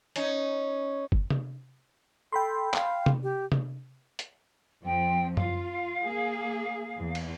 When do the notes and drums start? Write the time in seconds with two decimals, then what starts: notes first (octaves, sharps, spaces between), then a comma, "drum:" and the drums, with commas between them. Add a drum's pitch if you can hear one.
0.16 C#4 D#4, drum: hi-hat
1.12 drum: kick
1.30 drum: tom C3
2.32 A4 G5 B5 C6
2.74 F5, drum: clap
3.06 drum: tom C3
3.23 G4
3.52 drum: tom C3
4.19 drum: hi-hat
4.85 F2 F3 C4 G5
5.37 F4 F5, drum: tom F#2
6.05 A#3 G#4
6.99 E2
7.15 drum: cymbal